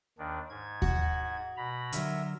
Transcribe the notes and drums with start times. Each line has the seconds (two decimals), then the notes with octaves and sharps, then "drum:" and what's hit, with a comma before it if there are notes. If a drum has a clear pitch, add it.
0.18 D#2 D#3 D4
0.50 G#2 G#6
0.82 F#4, drum: kick D#2
1.57 B2 A#5 B5
1.92 D3 F#3 A#4 E5, drum: hi-hat